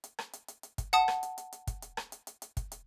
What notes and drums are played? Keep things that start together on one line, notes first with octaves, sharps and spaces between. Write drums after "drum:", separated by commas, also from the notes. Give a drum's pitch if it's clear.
drum: hi-hat
drum: rim click
drum: hi-hat
drum: hi-hat
drum: hi-hat
drum: kick, hi-hat
F#5 A5 D#6, drum: hi-hat
drum: rim click
drum: hi-hat
drum: hi-hat
drum: hi-hat
drum: kick, hi-hat
drum: hi-hat
drum: rim click
drum: hi-hat
drum: hi-hat
drum: hi-hat
drum: kick, hi-hat
drum: hi-hat